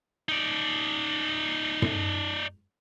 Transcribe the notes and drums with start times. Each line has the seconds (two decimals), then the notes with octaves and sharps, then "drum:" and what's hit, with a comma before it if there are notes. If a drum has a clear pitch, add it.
0.29 D#4 D5
1.82 drum: tom